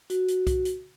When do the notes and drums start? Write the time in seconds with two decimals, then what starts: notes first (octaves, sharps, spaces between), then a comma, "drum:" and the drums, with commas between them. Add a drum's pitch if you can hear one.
0.10 F#4, drum: hi-hat
0.28 drum: hi-hat
0.47 drum: kick C2, hi-hat
0.65 drum: hi-hat